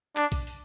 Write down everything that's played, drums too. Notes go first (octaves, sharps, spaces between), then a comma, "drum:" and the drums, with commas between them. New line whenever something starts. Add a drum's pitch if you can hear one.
D4, drum: clap
drum: kick A#1, open hi-hat
drum: open hi-hat